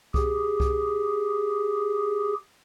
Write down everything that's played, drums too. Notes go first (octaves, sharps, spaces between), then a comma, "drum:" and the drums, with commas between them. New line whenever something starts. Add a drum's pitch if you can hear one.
G4 G#4, drum: kick C2
drum: kick C2